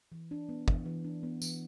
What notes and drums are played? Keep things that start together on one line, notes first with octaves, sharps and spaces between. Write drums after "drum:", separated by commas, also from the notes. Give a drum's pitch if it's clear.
E3
D4
B3
E3, drum: kick
E3
D4
B3
E3, drum: tambourine